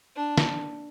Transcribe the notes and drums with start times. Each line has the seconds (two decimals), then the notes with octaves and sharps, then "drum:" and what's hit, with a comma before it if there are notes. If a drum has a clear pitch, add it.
0.16 D4
0.38 drum: snare